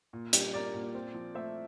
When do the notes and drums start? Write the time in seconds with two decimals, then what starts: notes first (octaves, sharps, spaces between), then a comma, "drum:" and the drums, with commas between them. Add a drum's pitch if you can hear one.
0.13 A#2
0.33 G3, drum: hi-hat
0.54 A#3 D5
0.74 A#2
0.95 C4
1.15 F3
1.35 A3 C5 E5